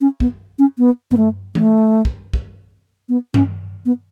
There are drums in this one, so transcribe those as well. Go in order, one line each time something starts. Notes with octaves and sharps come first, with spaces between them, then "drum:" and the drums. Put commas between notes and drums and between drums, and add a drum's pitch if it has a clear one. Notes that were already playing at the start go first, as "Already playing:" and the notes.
C#4
B3, drum: kick
C#4
B3
B3, drum: tom G2
A3
A3, drum: tom E3
drum: kick
drum: kick
B3
C#4, drum: tom G2
B3